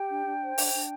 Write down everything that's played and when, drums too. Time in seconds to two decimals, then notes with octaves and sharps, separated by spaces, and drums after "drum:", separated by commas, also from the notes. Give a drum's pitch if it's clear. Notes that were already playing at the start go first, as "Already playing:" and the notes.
Already playing: G4 G5
0.09 D4
0.25 D4
0.42 C5
0.58 D4, drum: open hi-hat
0.74 D4